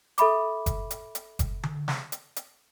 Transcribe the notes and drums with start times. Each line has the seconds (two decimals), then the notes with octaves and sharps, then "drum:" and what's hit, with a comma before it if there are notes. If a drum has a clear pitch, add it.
0.18 A4 E5 B5 D6, drum: hi-hat
0.66 drum: kick F#1, hi-hat
0.91 drum: hi-hat
1.15 drum: hi-hat
1.39 drum: kick F#1, hi-hat
1.63 drum: tom D3
1.88 drum: snare
2.12 drum: hi-hat
2.36 drum: hi-hat